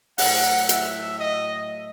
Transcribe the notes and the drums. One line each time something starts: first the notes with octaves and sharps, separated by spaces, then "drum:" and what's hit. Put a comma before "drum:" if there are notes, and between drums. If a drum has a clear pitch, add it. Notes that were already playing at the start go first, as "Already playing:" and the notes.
A2 F#3 F#5, drum: open hi-hat
E5, drum: hi-hat
D#5